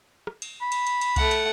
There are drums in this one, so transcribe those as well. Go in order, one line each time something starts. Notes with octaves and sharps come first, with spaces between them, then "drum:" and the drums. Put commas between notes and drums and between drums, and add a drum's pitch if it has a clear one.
drum: rim click
drum: cymbal
B5
drum: cymbal
drum: cymbal
drum: cymbal
A3 F#5, drum: kick C2, cymbal
drum: cymbal